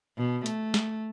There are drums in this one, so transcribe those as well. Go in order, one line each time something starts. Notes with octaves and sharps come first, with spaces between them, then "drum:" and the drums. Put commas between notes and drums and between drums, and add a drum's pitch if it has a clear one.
B2
A3, drum: hi-hat
drum: snare